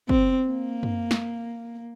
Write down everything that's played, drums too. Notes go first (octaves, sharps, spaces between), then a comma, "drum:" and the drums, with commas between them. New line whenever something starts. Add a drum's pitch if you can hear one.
C4, drum: kick
A#3
drum: tom F#2
drum: snare